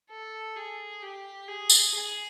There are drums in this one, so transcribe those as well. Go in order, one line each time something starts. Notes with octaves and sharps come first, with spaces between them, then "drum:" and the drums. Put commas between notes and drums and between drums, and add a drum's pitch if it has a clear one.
A4
G#4
G4
G#4
drum: tambourine
G#4